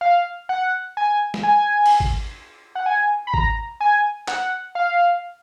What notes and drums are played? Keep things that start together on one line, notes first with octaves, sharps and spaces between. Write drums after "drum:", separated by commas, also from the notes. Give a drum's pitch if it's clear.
F5
F#5
G#5
drum: snare
G#5
drum: cymbal
drum: kick G#1
F#5
G#5
B5
A#5, drum: kick G#1
G#5
F#5, drum: clap
F5